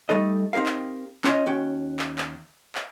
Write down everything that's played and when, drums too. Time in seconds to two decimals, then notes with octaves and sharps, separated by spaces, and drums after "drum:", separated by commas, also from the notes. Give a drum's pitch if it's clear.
0.09 G3 A3 D#4 A4 D#5
0.53 C4 D#4 G4 A#4 F5
0.66 drum: clap
1.24 C#4 F4 C#5 D#5, drum: clap
1.46 D#2 C#4 F#4 G5
1.99 drum: clap
2.18 drum: clap
2.75 drum: clap